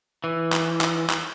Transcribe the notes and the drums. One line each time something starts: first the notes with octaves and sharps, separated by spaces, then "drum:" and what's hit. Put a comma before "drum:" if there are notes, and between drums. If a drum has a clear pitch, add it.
E3
drum: clap
drum: clap
drum: clap